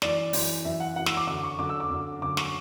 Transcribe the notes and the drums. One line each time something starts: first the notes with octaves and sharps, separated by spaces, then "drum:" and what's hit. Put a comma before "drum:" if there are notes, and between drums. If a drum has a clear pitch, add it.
F#2 E3 D5, drum: snare
F#2 E3, drum: open hi-hat
F#2 E3 E5
F#5
F#2 E3 F#5
E6, drum: snare
D6
F#2 D3 D6
C#6
F#2 D3 D6
E6
D6
F#2 D3
F#2 D3 D6
C#6, drum: snare